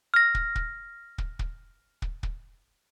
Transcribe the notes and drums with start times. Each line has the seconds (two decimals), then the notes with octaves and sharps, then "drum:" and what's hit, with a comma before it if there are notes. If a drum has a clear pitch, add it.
0.14 F6 A#6
0.35 drum: kick
0.55 drum: kick
1.18 drum: kick
1.39 drum: kick
2.02 drum: kick
2.23 drum: kick